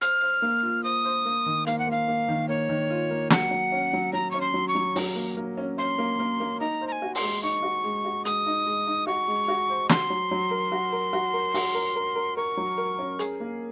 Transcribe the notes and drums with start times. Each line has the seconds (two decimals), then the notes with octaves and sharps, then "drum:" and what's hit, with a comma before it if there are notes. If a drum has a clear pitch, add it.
0.01 C5 F6, drum: hi-hat
0.22 C5
0.42 A#3
0.63 F4
0.84 C5 D#6
1.04 C5
1.25 A#3
1.46 D#3
1.66 A#3 F5, drum: hi-hat
1.79 F#5
1.87 A#3 F5
2.08 A#3
2.28 D#3
2.49 A#3 C#5
2.69 D#3
2.90 F4
3.11 A#3
3.30 F#3 F#5, drum: snare
3.51 F#3
3.72 C#4
3.93 F#3
4.13 F#3 A#5
4.31 C#4 C#6
4.41 C6
4.54 F#3
4.68 C#6
4.75 F#3
4.96 F#3, drum: open hi-hat
5.16 A#3
5.37 A#3
5.58 C#4
5.78 C#4 C6
5.98 A#3
6.19 A#3
6.40 A#3
6.60 D#4 A#5
6.81 C5
6.88 A#5
6.92 G#5
7.02 F#4
7.15 C6, drum: open hi-hat
7.21 G#3
7.43 D#4 C#6
7.63 F#4
7.84 G#3
8.05 F#4
8.25 G#3 D#6, drum: hi-hat
8.46 D#4
8.66 G#3
8.87 D#4
9.07 F#4 C#6
9.28 G#3
9.48 F#4
9.70 C5
9.89 F#4 C6, drum: snare
10.10 F#3
10.31 F#3
10.51 A#4
10.72 F#4
10.92 A#4
11.13 F#4
11.33 A#4
11.54 F#4, drum: open hi-hat
11.74 A#4
11.96 A#4
12.15 A#4
12.37 A#4 C#6
12.57 F#3
12.78 A#4
12.99 C#4
13.19 G#4, drum: hi-hat
13.40 A#3